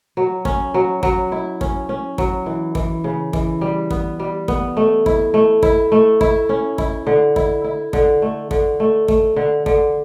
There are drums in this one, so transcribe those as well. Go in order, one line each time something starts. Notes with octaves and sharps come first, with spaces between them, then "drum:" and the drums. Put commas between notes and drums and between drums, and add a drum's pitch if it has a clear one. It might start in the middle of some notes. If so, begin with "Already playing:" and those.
F#3
C#4, drum: kick
F#3
F#3, drum: kick
E4
C#4, drum: kick
C#4
F#3, drum: kick
E3
E3, drum: kick
C#3
E3, drum: kick
G3
B3, drum: kick
G3
B3, drum: kick
A3
E4, drum: kick
A3
E4, drum: kick
A3
E4, drum: kick
C#4
E4, drum: kick
D3
E4, drum: kick
E4
D3, drum: kick
A3
D3, drum: kick
A3
A3, drum: kick
D3
D3, drum: kick